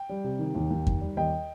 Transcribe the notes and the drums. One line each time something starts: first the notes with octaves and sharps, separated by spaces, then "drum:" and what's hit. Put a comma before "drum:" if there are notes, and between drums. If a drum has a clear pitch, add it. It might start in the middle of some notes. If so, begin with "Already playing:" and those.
Already playing: G5
G3
C3
D#3
D#2
D#2
D#3, drum: kick F2
G3
D#2 D#5 G5